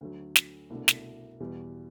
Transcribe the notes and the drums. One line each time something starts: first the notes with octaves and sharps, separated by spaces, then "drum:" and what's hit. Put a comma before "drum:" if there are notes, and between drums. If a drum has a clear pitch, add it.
D2 D3 F#3
drum: snare
C2 B2 A3 D4
drum: snare
E2 B2 G3